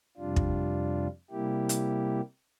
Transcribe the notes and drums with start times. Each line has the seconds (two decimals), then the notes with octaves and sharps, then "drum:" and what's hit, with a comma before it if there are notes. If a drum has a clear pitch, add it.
0.17 F2 C3 G3 D4 F4
0.36 drum: kick
1.31 C3 G3 A#3 E4 G4
1.69 drum: hi-hat